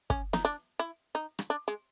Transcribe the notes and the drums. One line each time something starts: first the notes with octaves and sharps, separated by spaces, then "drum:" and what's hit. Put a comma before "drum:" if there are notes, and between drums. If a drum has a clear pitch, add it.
C#4, drum: kick
D#4, drum: snare
D4
E4
D#4
drum: rim click
D4
G#3